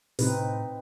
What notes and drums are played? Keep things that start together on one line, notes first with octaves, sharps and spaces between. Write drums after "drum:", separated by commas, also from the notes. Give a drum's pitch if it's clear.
A2 C3 C4 D#4 B4, drum: open hi-hat